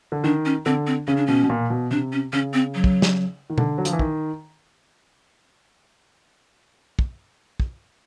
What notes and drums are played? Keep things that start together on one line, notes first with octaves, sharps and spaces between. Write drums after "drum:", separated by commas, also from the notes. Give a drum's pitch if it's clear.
D3
D#3 D4
C#4
D3 C4
C4
C#3 C#4
D4
B2 C#4
B2
A#2
B2
C3 D4
C#4
C#3 C#4
C4
F#3
drum: kick
drum: snare
D#3
D3, drum: tom B2
F#3
F3, drum: hi-hat
E3
D#3, drum: kick
drum: kick
drum: kick